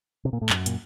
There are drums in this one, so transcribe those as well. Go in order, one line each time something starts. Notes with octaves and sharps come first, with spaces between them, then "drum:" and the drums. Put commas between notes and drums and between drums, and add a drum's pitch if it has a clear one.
C3
A#2
A2
F#2, drum: clap
A#2, drum: hi-hat